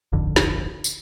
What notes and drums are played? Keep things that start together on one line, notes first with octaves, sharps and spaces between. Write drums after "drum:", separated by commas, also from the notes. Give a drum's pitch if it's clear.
D#1 G#1 F2 D3
drum: snare
drum: tambourine